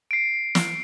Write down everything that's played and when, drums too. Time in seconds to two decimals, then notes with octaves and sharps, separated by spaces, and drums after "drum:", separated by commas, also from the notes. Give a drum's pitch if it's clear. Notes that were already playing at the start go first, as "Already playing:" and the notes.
0.11 C7 D7
0.55 drum: snare